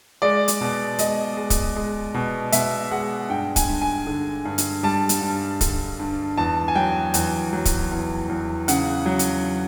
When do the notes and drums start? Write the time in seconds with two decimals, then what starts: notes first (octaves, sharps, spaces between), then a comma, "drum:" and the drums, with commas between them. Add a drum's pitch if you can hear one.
0.22 G#3 D5
0.48 drum: hi-hat
0.61 B2
0.99 G#3 D#5, drum: hi-hat
1.37 G#3
1.50 drum: kick, hi-hat
1.76 G#3
2.14 B2
2.52 B2 E5, drum: hi-hat
2.91 G#3 F#5
3.29 G2 G5
3.56 G#5, drum: kick, hi-hat
3.68 G2
3.82 G#5
4.07 D3
4.45 G2
4.58 drum: hi-hat
4.83 G3 A5
5.09 drum: hi-hat
5.21 G2
5.61 D3, drum: kick, hi-hat
5.99 G2
6.38 E2 A5
6.68 G#5
6.76 F#3 G5
7.14 E2, drum: hi-hat
7.53 F#3
7.65 drum: kick, hi-hat
7.91 E2
8.29 E2
8.68 C#3 F#5, drum: hi-hat
9.06 F#3
9.19 drum: hi-hat